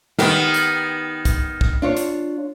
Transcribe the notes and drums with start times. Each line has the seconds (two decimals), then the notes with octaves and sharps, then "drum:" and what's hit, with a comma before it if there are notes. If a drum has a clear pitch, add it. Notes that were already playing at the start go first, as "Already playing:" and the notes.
0.19 D#3 B3 G4, drum: snare
0.54 drum: hi-hat
1.25 drum: kick, hi-hat
1.61 drum: kick
1.82 D4 F4 C#5
1.97 drum: hi-hat